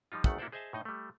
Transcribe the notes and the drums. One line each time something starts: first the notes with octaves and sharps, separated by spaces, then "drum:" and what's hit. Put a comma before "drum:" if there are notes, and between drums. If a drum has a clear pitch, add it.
F3 G3 D#4 F4
G#1 E2 D#3 A3 F#5, drum: kick
A#3 E4 F#4 A4 C5 D5
G#4 C5 D#5 E5 G#5 A5
A2 D#4 D#5
G3 A3